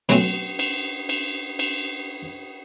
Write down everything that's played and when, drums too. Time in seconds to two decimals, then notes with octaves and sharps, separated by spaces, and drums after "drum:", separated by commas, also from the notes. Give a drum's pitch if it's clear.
0.09 B2 F#3 A3 C4 C#4, drum: cymbal
0.59 drum: cymbal
1.09 drum: cymbal
1.59 drum: cymbal